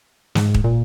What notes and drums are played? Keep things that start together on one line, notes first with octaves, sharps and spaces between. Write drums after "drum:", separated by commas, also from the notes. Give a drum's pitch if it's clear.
G#2, drum: snare
drum: kick
A#2